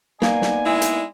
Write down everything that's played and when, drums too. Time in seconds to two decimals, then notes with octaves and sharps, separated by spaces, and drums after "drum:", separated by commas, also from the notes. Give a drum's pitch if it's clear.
0.22 A#3 B3 D#4 D5 G#5, drum: snare
0.42 drum: snare
0.65 G#3 E4
0.82 drum: hi-hat